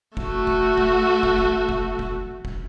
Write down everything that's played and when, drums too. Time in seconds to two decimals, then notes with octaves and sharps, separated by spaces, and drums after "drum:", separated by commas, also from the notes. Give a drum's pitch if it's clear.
0.17 A3 F#4, drum: kick
0.47 drum: kick
0.78 drum: kick
1.23 drum: kick
1.38 drum: kick
1.69 drum: kick
1.99 drum: kick
2.45 drum: kick